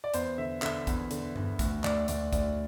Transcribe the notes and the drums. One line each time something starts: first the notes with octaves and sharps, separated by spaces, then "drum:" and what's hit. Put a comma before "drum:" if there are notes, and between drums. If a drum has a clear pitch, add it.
D5
E2 C5, drum: hi-hat
D3 E5
D3 E5, drum: clap
E2, drum: kick, hi-hat
D3, drum: hi-hat
D3, drum: tom G2
D2, drum: kick, hi-hat
D2 D5, drum: clap
D2 D5, drum: hi-hat
D2 D5, drum: kick, hi-hat